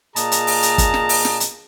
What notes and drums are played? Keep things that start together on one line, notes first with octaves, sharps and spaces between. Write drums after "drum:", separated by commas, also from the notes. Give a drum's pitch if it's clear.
A#2 G#4 D#5 A5 A#5, drum: hi-hat
drum: hi-hat
drum: open hi-hat
drum: hi-hat
drum: kick, hi-hat
drum: snare
drum: open hi-hat
drum: snare
drum: hi-hat